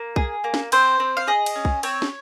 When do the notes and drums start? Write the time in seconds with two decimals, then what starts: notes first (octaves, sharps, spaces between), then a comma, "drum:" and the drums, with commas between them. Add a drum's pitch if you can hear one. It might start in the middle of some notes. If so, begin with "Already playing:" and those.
Already playing: A#3
0.16 G#4, drum: kick
0.44 A#3
0.54 drum: snare
0.72 C4 C5, drum: cymbal
1.00 C4
1.17 F5
1.27 G#4 D#5
1.46 drum: cymbal
1.55 C#4
1.65 drum: kick
1.83 C4 C#5, drum: cymbal
2.02 drum: snare